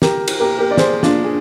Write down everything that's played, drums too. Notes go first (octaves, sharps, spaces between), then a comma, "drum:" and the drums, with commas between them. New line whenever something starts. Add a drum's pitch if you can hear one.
G4 A#4, drum: snare
drum: cymbal
G4 A#4
G4 A#4
D5
G#4 C5, drum: snare
D4 F4, drum: snare
G#4